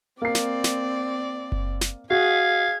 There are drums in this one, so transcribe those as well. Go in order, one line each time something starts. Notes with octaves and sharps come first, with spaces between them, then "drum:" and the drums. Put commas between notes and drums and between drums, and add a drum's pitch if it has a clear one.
A#3 C4 D5 C7
drum: snare
drum: snare
drum: kick F#1
drum: snare
F#4 G#4 F5 G#6